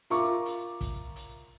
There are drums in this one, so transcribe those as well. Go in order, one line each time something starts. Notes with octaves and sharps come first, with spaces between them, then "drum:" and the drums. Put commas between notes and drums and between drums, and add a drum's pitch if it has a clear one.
F4 A#4 E5 A#5 C#6 D6, drum: hi-hat
drum: hi-hat
drum: kick, hi-hat
drum: hi-hat